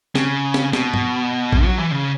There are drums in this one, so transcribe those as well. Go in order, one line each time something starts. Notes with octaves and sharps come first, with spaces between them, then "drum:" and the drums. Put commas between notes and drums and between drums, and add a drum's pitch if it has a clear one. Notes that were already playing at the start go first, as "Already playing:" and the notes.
C#3, drum: snare
drum: snare
B2, drum: snare
drum: tom G2
drum: kick A#1
F#3
E3
C#3